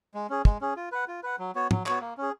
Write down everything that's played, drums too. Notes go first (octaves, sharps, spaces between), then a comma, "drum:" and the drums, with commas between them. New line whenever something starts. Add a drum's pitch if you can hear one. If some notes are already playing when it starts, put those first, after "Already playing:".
G#3
C#4 G#4
G#3, drum: kick
C#4 G#4
F4
B4 F#5
F4
B4 F#5
F#3
B3 F#4 C#5
F#3, drum: tom
B3 F#4 C#5, drum: clap
A#3
C#4 G#4